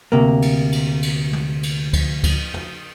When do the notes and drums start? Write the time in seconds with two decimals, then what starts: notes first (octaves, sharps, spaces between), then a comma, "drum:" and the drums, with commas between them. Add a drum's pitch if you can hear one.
0.12 D2 C3 A#3
0.42 drum: cymbal
0.72 drum: cymbal
1.03 drum: cymbal
1.33 drum: tom
1.63 drum: cymbal
1.93 drum: kick C#2, cymbal
2.24 drum: kick C#2, cymbal
2.54 drum: tom